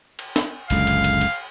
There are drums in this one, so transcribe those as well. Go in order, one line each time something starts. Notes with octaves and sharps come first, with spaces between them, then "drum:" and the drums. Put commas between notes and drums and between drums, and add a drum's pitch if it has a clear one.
drum: cymbal
drum: snare
F#1 C#2 D3 F5, drum: cymbal
drum: cymbal
drum: cymbal
drum: cymbal